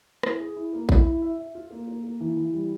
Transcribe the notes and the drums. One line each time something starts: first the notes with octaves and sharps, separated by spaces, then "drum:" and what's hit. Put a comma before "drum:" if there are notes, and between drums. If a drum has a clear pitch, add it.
E4, drum: rim click
G#4
E4
A#3
E4, drum: kick A#1
E4
E5
E5
F4
A#3
A#3
A#3
E3
E3
G3